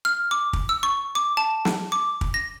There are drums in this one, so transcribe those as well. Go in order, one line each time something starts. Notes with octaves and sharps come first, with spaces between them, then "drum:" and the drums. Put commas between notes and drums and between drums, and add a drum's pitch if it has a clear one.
F6
D6
drum: kick
E6
C#6
D6
A5
drum: snare
D6
drum: kick
A#6